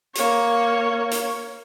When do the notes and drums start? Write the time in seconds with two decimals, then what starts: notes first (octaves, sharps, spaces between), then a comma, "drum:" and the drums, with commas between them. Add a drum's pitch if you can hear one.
0.15 A#3 C#5, drum: hi-hat
1.11 drum: hi-hat